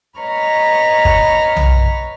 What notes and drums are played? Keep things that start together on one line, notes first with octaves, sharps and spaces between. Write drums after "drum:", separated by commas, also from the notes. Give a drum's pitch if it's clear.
B4 C#5 D#5 A#5 B5 F6
drum: kick
drum: tom B1